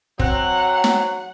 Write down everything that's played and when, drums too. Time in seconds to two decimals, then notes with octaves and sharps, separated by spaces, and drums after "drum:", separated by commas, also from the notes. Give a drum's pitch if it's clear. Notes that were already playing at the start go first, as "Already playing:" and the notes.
0.19 F#3 C4 F#5 F#6, drum: kick
0.84 drum: snare